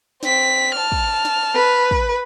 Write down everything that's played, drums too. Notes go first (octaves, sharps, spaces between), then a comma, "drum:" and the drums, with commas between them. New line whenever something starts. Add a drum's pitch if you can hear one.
C4 B6, drum: snare
A5 F6
drum: kick
drum: snare
B4
drum: kick